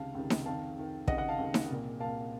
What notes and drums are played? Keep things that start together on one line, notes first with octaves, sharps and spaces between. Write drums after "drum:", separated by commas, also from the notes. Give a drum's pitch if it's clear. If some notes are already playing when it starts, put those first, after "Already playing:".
Already playing: C#2 C3 D#3 F5 A5
C#2 C3 D#3
drum: snare D#4
F2 D#3 F5 A5
F2 D#3
C#2 C3 D#3 D#5 F#5, drum: kick
D#5 F#5
F5 A5
C#2 C3 D#3
drum: snare D#4
C2 A#2
C2 A#2 F5 A5